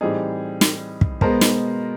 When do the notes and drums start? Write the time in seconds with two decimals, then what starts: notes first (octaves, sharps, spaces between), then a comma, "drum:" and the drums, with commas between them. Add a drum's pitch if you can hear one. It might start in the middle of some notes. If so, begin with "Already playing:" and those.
0.01 A2 E3 G3 C4 D#4 G#4
0.61 drum: snare
1.01 drum: kick
1.21 B2 G#3 B3 A#4 C5, drum: kick
1.41 drum: snare